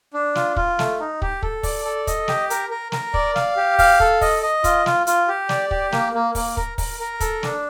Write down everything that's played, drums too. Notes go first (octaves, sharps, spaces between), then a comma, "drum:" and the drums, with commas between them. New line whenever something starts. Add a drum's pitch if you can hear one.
D4
F4, drum: snare
F4, drum: kick
A3, drum: snare
D#4
G4, drum: kick
A4, drum: kick
D5, drum: kick, open hi-hat
A4
D#5, drum: kick, hi-hat
G4, drum: snare
A#4, drum: hi-hat
A#4
A#4, drum: snare
D5, drum: kick
F5, drum: snare
G4
F5, drum: kick, open hi-hat
A4, drum: kick
D#5, drum: kick, open hi-hat
D#5
F4, drum: kick, hi-hat
F4, drum: snare
F4, drum: hi-hat
G4
D5, drum: snare
G4, drum: kick
A#3, drum: snare
A#3
A#3, drum: kick, open hi-hat
A#4, drum: kick
A#4, drum: kick, open hi-hat
A#4
A4, drum: kick, hi-hat
D4, drum: snare